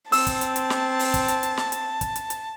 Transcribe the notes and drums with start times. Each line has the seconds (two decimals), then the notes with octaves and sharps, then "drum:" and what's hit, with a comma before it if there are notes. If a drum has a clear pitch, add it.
0.12 C4 A5 E6, drum: open hi-hat
0.27 drum: kick, hi-hat
0.41 drum: hi-hat
0.56 drum: hi-hat
0.70 drum: snare
0.99 drum: open hi-hat
1.14 drum: kick, hi-hat
1.28 drum: hi-hat
1.43 drum: hi-hat
1.57 drum: snare
1.72 drum: hi-hat
2.01 drum: kick, hi-hat
2.16 drum: hi-hat
2.30 drum: hi-hat